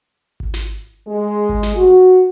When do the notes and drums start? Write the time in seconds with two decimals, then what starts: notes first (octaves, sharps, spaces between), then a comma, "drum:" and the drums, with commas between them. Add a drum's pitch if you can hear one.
0.40 drum: kick G#1
0.54 drum: snare
1.07 G#3
1.49 drum: kick G#1
1.63 drum: snare
1.77 F#4